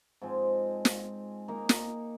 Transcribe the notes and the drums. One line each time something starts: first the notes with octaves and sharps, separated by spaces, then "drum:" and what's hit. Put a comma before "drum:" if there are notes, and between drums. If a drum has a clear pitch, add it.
G#2 F3 G#3 C4
drum: snare
A#3 D#4 A#4
drum: snare